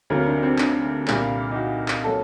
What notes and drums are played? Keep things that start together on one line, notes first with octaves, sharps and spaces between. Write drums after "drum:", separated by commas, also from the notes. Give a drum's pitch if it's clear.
D2 C3 F#3 A#3 A#4
D4
C4
D4, drum: clap
C2 A#2 G3 A#3, drum: clap
D#4
F#4
drum: clap
F#3 A#3 A4